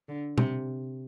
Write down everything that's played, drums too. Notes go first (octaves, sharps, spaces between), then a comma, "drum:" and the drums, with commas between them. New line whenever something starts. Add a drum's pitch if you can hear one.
D3
C3, drum: tom